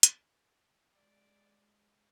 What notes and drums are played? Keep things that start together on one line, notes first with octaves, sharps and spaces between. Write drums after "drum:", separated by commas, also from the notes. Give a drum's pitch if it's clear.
drum: hi-hat
G#3 D5